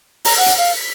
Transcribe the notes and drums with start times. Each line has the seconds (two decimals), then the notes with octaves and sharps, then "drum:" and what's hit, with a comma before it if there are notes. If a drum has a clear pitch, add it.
0.25 A#5, drum: open hi-hat
0.37 F#5
0.46 drum: hi-hat
0.57 F5
0.76 B6